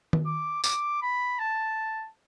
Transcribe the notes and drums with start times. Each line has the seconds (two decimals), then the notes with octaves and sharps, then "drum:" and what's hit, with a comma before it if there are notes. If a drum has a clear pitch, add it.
0.13 drum: tom D#3
0.26 D6
0.64 D6, drum: tambourine
1.02 B5
1.39 A5